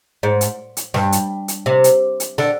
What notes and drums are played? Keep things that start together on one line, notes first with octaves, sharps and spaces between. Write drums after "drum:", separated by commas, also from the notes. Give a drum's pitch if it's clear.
G#2
drum: hi-hat
drum: hi-hat
G2, drum: snare
drum: hi-hat
drum: hi-hat
C3
drum: hi-hat
drum: hi-hat
D3, drum: snare